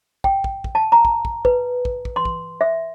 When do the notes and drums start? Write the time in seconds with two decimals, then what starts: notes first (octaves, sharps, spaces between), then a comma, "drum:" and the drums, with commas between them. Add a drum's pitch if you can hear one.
0.24 G5, drum: kick
0.44 drum: kick
0.64 drum: kick
0.75 A5
0.92 A#5
1.05 drum: kick
1.25 drum: kick
1.45 B4, drum: kick
1.85 drum: kick
2.05 drum: kick
2.16 C6
2.25 drum: kick
2.61 E5